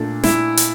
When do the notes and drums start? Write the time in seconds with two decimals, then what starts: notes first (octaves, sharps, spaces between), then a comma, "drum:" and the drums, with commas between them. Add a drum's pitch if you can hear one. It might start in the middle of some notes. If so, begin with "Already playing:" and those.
Already playing: A#2 A3 D4
0.24 E4, drum: snare
0.57 drum: hi-hat